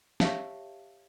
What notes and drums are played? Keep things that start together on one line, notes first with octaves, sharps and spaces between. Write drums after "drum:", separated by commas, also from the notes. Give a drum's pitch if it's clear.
G4 C#5 E5 F5 A5, drum: snare